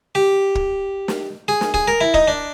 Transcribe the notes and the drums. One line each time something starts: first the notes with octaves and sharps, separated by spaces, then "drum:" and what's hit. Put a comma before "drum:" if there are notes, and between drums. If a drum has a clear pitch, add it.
G4
drum: kick
drum: snare
G#4
drum: snare
G#4, drum: kick
A#4
E4
D#4, drum: kick
D4